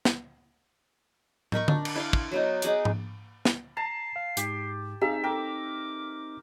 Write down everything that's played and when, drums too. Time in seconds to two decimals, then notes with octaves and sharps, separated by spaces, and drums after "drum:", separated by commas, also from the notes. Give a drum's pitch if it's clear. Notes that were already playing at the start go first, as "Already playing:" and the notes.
0.05 drum: snare
1.52 D#4 A#4 B5 C#6, drum: tom
1.68 D4, drum: tom D3
1.85 drum: cymbal
1.96 E4 F5 C6
2.13 drum: kick
2.31 F#3 B3 D#4
2.62 D#4 G#4 F#5 D6, drum: hi-hat
2.85 drum: tom G#2
3.45 drum: snare
3.77 A5 A#5 C7
4.16 F5
4.37 G#2 G4, drum: hi-hat
5.01 C4 D#4 G#4 E5 F5 A#5
5.24 A4 A#4 G5 D6